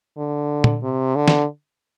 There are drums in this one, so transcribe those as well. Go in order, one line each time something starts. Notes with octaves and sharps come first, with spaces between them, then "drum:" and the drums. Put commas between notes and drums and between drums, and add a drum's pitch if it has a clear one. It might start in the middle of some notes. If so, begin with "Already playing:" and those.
D3
drum: tom A#2
C3
D3
drum: snare